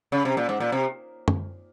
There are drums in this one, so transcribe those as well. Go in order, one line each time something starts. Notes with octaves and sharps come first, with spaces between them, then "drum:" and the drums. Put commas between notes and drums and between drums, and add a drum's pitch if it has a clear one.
C#3
C3
A#2
G#2
A#2
C3
drum: tom F#2